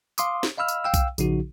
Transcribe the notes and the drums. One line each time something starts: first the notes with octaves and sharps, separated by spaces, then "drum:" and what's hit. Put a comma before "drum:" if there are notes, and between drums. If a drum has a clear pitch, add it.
F5 C6 D6 D#6, drum: tambourine
drum: snare
D#5 F5 B5 E6 F6
drum: tambourine
F5 G5 E6
drum: kick B1, tambourine
A#1 C#3 F3 D#4 F#4, drum: tambourine